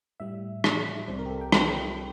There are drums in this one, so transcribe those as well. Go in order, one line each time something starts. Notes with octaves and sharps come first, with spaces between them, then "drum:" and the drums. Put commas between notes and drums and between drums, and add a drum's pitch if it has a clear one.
A2 G3 E5
D5, drum: rim click
C2 C3 G3 C5
A#4
G4
A4
G5
G5, drum: rim click